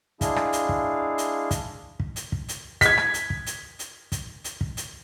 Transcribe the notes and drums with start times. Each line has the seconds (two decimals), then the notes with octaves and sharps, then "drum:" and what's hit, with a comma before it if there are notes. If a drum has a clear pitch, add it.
0.21 G#3 D4 E4 G#4 F5, drum: kick, hi-hat
0.36 drum: rim click
0.53 drum: hi-hat
0.69 drum: kick
1.18 drum: hi-hat
1.51 drum: kick, hi-hat
2.00 drum: kick
2.16 drum: hi-hat
2.32 drum: kick
2.49 drum: hi-hat
2.81 G#6 B6, drum: kick, hi-hat
2.98 drum: rim click
3.14 drum: hi-hat
3.30 drum: kick
3.46 drum: hi-hat
3.79 drum: hi-hat
4.12 drum: kick, hi-hat
4.44 drum: hi-hat
4.61 drum: kick
4.77 drum: hi-hat